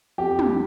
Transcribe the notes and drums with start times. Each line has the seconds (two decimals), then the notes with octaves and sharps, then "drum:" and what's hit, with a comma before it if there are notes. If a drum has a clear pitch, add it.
0.18 F2 G4
0.39 drum: tom